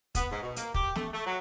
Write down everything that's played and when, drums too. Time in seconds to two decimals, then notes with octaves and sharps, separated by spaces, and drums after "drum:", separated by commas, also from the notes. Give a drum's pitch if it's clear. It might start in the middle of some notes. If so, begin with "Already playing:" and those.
0.15 B3, drum: kick, hi-hat
0.31 G#2
0.42 B2
0.56 A#3, drum: hi-hat
0.74 G4, drum: kick
0.96 A3, drum: snare
1.12 A3
1.26 F#3